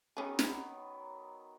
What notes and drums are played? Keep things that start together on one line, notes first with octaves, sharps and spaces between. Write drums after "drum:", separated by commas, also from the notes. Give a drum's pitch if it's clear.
D#3 F#3 B3 C#4 G#4
drum: snare